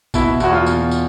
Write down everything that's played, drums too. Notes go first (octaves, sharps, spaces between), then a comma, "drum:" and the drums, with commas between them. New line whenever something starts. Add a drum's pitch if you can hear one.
B2 E4, drum: kick, tambourine
E2 F#4, drum: tambourine
F4
B2, drum: tambourine
drum: tambourine